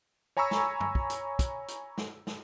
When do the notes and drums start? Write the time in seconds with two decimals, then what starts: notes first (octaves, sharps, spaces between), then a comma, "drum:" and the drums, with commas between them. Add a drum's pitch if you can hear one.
0.37 C#5 G#5 A#5 B5 C#6 E6
0.51 drum: snare
0.80 drum: tom
0.95 drum: kick
1.10 drum: hi-hat
1.39 drum: kick, hi-hat
1.68 drum: hi-hat
1.98 drum: snare
2.27 drum: snare